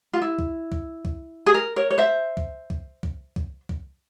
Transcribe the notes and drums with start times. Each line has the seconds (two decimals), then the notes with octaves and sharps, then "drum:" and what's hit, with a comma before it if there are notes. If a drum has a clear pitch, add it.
0.13 F4
0.22 E4
0.39 drum: kick C2
0.72 drum: kick C2
1.05 drum: kick C2
1.46 G#4
1.54 A#4
1.76 A#4 C#5
1.90 C#5
1.98 C5 E5
2.37 drum: kick C2
2.70 drum: kick C2
3.03 drum: kick C2
3.36 drum: kick C2
3.69 drum: kick C2